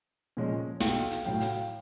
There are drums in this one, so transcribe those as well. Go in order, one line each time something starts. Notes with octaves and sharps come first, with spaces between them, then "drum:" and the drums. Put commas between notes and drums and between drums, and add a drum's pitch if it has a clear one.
A#2 F3 G#3 C#4
B1 F5 G5, drum: snare
drum: hi-hat
A2 F#3 F5 G5
drum: hi-hat